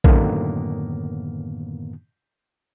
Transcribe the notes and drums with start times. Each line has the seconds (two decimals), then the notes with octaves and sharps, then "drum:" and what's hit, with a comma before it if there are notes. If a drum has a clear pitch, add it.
0.04 F#2 A2 D3 D#3 A#3 B3, drum: kick A#1